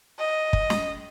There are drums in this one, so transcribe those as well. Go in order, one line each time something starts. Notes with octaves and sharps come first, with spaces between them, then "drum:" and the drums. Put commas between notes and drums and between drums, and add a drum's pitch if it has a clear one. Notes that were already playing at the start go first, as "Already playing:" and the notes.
D#5
drum: kick
drum: snare